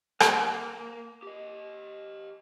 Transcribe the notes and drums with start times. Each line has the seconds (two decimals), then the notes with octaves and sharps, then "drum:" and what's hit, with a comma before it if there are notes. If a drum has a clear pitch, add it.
0.20 A#3, drum: rim click
1.23 G4 D#5